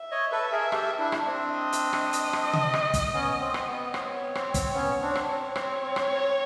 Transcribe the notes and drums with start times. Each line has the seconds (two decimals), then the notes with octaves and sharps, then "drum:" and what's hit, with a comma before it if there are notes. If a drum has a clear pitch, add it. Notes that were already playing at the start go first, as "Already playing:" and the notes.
Already playing: E5
0.11 C#5 D#5
0.31 A4 B4
0.52 G#4 A#4
0.72 G4 A4, drum: rim click
0.99 D4 E4
1.12 drum: rim click
1.26 C4 D4
1.52 D#5
1.73 drum: hi-hat
1.93 drum: rim click
2.13 drum: hi-hat
2.33 drum: rim click
2.53 drum: tom C3
2.74 drum: rim click
2.94 drum: kick, hi-hat
3.13 B3 C#4
3.40 C4
3.54 drum: rim click
3.68 B3
3.94 C4 C#5, drum: rim click
4.15 B3
4.35 C4, drum: rim click
4.54 C4, drum: kick, hi-hat
4.75 B3 C#4
5.01 C4 D4
5.15 drum: rim click
5.29 C4
5.56 C4 C#5, drum: rim click
5.82 C4
5.96 drum: rim click
6.10 C4